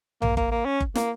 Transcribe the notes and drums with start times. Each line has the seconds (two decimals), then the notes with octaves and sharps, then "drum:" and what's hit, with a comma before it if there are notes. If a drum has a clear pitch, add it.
0.22 A#3, drum: tom A#1
0.37 A#3, drum: kick F#1
0.52 A#3
0.65 C#4
0.80 drum: kick F#1
0.95 A#3, drum: snare